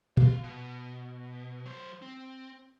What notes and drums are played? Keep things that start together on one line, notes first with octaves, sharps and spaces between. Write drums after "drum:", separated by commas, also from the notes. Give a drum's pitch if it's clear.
F#4 F5, drum: tom A#2
B2
F#3 C5
C4